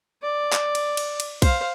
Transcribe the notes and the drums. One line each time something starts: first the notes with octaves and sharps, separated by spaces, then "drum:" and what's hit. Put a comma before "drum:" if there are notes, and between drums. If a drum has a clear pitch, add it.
D5
drum: clap
drum: cymbal
drum: cymbal
drum: cymbal
C5 F5, drum: kick B1, cymbal